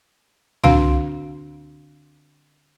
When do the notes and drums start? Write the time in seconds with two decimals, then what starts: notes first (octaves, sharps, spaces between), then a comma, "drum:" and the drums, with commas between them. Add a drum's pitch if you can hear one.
0.64 D3 C4 D4 F#4 F5 C6, drum: tom C#2